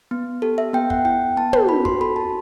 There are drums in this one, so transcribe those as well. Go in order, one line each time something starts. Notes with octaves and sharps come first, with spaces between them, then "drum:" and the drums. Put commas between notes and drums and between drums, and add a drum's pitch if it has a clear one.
B3
G4 A4
E5
B3 G5
F#5, drum: kick
E4 G5
B3 A5
drum: tom
F#4 B5
C6, drum: kick
A4 B5
A5